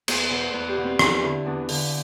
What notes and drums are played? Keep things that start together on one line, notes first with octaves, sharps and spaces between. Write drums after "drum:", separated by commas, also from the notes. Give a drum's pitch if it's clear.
E2 C5, drum: cymbal
D5
B2
C5
E2 B4
G4
B2
C4
E2 D4, drum: rim click
D3 E4
E2 D4
D3, drum: open hi-hat